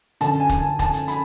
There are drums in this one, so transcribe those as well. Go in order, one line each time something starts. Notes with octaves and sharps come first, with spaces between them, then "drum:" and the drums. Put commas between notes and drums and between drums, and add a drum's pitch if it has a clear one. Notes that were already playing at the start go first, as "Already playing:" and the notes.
F#2 D3 A5, drum: hi-hat
G#5
drum: kick, hi-hat
G#5
A5, drum: kick, hi-hat
drum: hi-hat
B5, drum: hi-hat